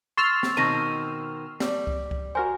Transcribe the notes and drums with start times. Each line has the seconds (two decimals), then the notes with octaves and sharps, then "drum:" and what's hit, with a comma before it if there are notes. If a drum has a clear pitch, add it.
0.17 C6 C#6 E6 F6 A6
0.43 drum: snare
0.57 B2 D#3 C4 C#6 A#6 D#7
1.60 G3, drum: snare
1.87 drum: kick C#2
2.11 drum: kick C#2
2.35 F#4 A#4 C5 G#5